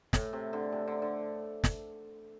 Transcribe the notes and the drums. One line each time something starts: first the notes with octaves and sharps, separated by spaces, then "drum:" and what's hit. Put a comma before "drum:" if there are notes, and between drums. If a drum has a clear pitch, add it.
A2, drum: snare
C3
D3
C3
D3
D3
drum: snare